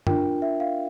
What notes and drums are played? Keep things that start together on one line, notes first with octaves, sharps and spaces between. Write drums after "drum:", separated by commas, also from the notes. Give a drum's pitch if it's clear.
D4 F4 A#4 G5, drum: tom
E5
F5